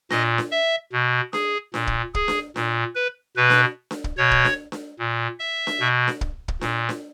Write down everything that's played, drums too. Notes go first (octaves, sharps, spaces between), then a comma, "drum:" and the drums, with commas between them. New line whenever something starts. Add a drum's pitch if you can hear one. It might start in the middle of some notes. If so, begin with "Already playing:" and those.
A#2 D#5, drum: snare D4
drum: snare D4
E5
B2
G#4, drum: snare D4
A#2, drum: snare D4
drum: kick
G#4, drum: kick
drum: snare D4
A#2, drum: snare D4
B4
B2 B4
drum: snare D4
drum: snare D4
drum: kick
B2 C#5
drum: kick
drum: snare D4
drum: snare D4
A#2
E5
drum: snare D4
B2
drum: snare D4
drum: kick
drum: kick
A#2, drum: snare D4
drum: snare D4